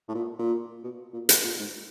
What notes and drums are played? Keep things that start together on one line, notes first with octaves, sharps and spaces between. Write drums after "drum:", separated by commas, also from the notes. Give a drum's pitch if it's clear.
A2
A#2
A#2
B2
A#2
B2, drum: hi-hat
A#2
G#2